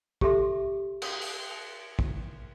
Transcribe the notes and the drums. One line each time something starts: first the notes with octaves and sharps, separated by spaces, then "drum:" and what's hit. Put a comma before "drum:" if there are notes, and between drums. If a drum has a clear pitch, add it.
G4 A4 E5 C6, drum: kick
drum: cymbal
drum: open hi-hat
drum: kick